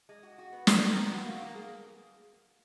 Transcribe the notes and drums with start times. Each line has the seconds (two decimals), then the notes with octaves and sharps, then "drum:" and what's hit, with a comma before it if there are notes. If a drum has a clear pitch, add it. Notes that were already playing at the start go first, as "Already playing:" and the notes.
0.09 G#3
0.23 F#4
0.38 F#4
0.53 B3
0.67 B3, drum: snare
0.82 D#3
0.96 B3
1.12 F#4
1.26 A#3
1.41 A#3
1.55 G#4